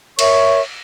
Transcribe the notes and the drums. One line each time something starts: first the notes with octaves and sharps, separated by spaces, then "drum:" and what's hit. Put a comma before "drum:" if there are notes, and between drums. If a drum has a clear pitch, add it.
A#4 C#5 E5 C#6, drum: cymbal